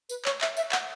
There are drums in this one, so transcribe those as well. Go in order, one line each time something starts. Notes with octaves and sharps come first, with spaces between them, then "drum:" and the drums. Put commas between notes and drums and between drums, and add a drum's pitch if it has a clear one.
B4, drum: tambourine
C#5, drum: clap
E5, drum: clap
E5, drum: tambourine
F#5, drum: clap